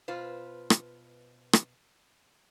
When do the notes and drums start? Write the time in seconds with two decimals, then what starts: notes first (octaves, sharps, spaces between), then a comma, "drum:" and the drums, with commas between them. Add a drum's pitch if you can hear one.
0.08 B2 F4 B4 C5
0.70 drum: rim click
1.53 drum: rim click